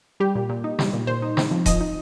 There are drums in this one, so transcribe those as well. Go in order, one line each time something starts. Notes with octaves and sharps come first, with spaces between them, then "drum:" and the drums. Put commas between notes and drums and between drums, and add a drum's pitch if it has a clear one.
G3 G4
A#2
A#2
D#4
G3, drum: snare
A#2
A#2 C5
D#4
C4, drum: snare
F3
F3 D#5, drum: kick D#1, hi-hat
D#4